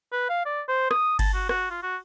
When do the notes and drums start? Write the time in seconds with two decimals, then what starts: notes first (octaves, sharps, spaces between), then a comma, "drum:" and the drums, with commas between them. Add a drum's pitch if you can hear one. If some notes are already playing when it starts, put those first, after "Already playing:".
0.13 B4
0.30 F5
0.46 D5
0.68 C5
0.91 D#6, drum: rim click
1.19 A5, drum: kick G1, cymbal
1.34 F#4
1.49 F#4, drum: rim click
1.71 F4
1.83 F#4